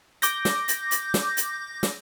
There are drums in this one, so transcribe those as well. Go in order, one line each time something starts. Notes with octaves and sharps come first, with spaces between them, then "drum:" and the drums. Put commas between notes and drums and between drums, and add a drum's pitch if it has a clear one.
D6 G6 A#6, drum: hi-hat
drum: snare
drum: hi-hat
drum: hi-hat
drum: snare
drum: hi-hat
drum: snare